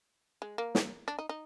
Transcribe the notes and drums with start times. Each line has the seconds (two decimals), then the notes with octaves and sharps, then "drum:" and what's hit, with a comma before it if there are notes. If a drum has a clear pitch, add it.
0.42 G#3
0.58 A#3
0.75 drum: snare
1.08 D4
1.19 D#4
1.29 D#4